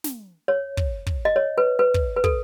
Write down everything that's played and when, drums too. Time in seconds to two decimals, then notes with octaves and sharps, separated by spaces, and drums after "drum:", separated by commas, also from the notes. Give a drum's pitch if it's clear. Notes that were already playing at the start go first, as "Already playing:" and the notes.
0.04 drum: snare
0.48 C#5
0.77 drum: kick
1.07 drum: kick
1.25 D#5
1.36 C#5
1.58 B4
1.79 B4
1.94 drum: kick
2.16 B4
2.24 A4, drum: kick